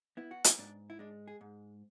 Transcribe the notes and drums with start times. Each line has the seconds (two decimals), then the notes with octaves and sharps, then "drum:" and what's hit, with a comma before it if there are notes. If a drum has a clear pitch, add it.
0.17 B3 E4
0.31 F#4
0.44 E4, drum: hi-hat
0.58 G#2 D4
0.90 E4
0.99 G#3 D4
1.28 G#4
1.41 G#2